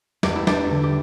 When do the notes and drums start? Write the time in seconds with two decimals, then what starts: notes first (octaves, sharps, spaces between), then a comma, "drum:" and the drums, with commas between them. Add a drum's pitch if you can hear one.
0.23 E2 G4, drum: snare
0.36 E4
0.47 G3 D4 G4, drum: snare
0.71 D3
0.83 G4